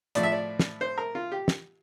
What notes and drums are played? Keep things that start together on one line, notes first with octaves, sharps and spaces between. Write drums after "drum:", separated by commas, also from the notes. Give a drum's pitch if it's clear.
A2 F3 A3 D5, drum: hi-hat
E5
D5
drum: snare
C5
A#4
F4
G4
drum: snare